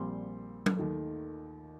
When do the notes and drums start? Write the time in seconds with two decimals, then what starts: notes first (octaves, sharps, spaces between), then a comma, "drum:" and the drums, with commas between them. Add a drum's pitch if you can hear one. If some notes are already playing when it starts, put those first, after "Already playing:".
Already playing: A#1 A#2 G3 C4 C6
0.66 drum: tom
0.77 D#2 D#3 A3